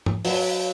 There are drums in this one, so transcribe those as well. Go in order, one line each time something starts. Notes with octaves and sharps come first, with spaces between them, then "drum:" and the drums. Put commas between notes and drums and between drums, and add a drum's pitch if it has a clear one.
drum: tom G#2
F#3, drum: open hi-hat